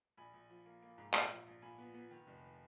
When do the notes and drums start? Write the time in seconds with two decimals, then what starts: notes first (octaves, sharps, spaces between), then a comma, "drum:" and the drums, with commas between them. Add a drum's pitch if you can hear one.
0.18 A#1 G#5 B5
0.33 A#1
0.50 F3
0.66 A#3
0.82 A#3
0.98 G#2
1.14 A#2, drum: clap
1.30 F3
1.47 A#1
1.62 A#2 G#5 B5
1.78 B3
1.94 B3
2.11 D#3
2.27 F1